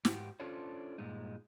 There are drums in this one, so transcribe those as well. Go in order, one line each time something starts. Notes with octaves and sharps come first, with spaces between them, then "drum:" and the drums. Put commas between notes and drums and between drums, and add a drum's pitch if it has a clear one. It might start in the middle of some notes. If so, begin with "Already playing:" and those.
G#2 F#4 G4, drum: snare
C#4 D4 F4 A4 C5 C#5
G2 A#2 G#3 D#4